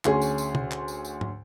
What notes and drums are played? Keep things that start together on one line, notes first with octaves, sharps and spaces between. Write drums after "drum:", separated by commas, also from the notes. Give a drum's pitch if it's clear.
D2 C#4 G#4 C6, drum: clap
drum: tambourine
drum: tambourine
drum: tom C3
drum: clap
drum: tambourine
drum: tambourine
drum: tom